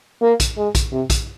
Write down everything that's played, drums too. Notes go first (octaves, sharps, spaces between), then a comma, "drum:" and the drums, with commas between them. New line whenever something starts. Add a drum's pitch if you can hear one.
A#3
drum: kick, hi-hat
G#3
drum: kick, hi-hat
C3
drum: kick, hi-hat